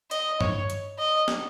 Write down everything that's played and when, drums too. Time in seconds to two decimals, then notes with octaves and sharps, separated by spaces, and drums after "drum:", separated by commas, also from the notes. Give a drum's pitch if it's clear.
0.11 D#5, drum: hi-hat
0.41 C#5, drum: tom G2
0.70 drum: hi-hat
0.99 D#5
1.28 drum: snare